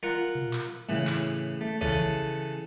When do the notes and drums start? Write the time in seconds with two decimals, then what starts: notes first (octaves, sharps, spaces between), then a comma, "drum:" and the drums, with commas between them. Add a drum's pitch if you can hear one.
0.03 F4 A#4 F#5
0.35 drum: tom A#2
0.53 drum: clap
0.89 A2 C#3 E3
1.07 drum: clap
1.61 A3
1.81 C#3 E3 C#4 A4, drum: kick A#1
1.97 drum: tom D#3